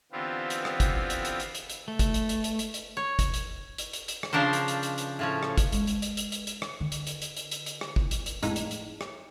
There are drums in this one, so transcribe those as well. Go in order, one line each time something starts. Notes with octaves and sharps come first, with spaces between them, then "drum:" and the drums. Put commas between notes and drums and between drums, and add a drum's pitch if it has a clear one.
D3 E3 B3 C4 F4 G4
drum: hi-hat
drum: rim click
drum: kick G1, hi-hat
drum: hi-hat
drum: hi-hat
drum: hi-hat
drum: hi-hat
drum: hi-hat
A3
drum: kick G1, hi-hat
drum: hi-hat
drum: hi-hat
drum: hi-hat
drum: hi-hat
drum: hi-hat
C#5
drum: kick G1, hi-hat
drum: hi-hat
drum: hi-hat
drum: hi-hat
drum: hi-hat
drum: rim click
C#3 F3 D4 A#4 C5
drum: hi-hat
drum: hi-hat
drum: hi-hat
drum: hi-hat
A2 F3 C#4
drum: rim click
drum: kick G1, hi-hat
G#3, drum: hi-hat
drum: hi-hat
drum: hi-hat
drum: hi-hat
drum: hi-hat
drum: hi-hat
drum: rim click
D3
drum: hi-hat
drum: hi-hat
drum: hi-hat
drum: hi-hat
drum: hi-hat
drum: hi-hat
drum: rim click
drum: kick G1
drum: hi-hat
drum: hi-hat
F2 A2 D3 G#3 D#4, drum: hi-hat
drum: hi-hat
drum: hi-hat
drum: rim click